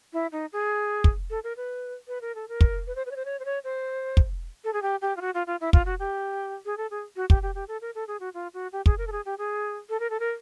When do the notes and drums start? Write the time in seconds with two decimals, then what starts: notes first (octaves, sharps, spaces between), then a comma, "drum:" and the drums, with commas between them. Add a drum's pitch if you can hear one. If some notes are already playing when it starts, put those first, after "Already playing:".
0.13 E4
0.32 D#4
0.53 G#4
1.04 drum: kick
1.30 A4
1.44 A#4
1.57 B4
2.08 B4
2.21 A#4
2.35 A4
2.48 A#4
2.61 drum: kick
2.87 B4
2.96 C5
3.06 B4
3.11 C#5
3.16 C5
3.25 C#5
3.40 C5
3.45 C#5
3.64 C5
4.17 drum: kick
4.64 A4
4.73 G#4
4.82 G4
5.02 G4
5.17 F4
5.21 F#4
5.34 F4
5.47 F4
5.61 E4
5.73 F4, drum: kick
5.86 F#4
5.99 G4
6.65 G#4
6.78 A4
6.91 G#4
7.16 F#4
7.30 G4, drum: kick
7.43 G4
7.55 G4
7.68 A4
7.81 A#4
7.95 A4
8.08 G#4
8.20 F#4
8.34 F4
8.54 F#4
8.72 G4
8.86 G#4, drum: kick
8.98 A#4
9.07 A4
9.12 G#4
9.25 G4
9.38 G#4
9.89 A4
10.00 A#4
10.10 A4
10.20 A#4